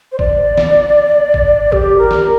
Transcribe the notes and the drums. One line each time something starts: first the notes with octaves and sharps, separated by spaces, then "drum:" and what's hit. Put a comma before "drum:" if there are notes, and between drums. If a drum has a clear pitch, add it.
C5
D5, drum: kick G#1
drum: snare
drum: kick G#1
G4, drum: kick G#1
A#4
drum: snare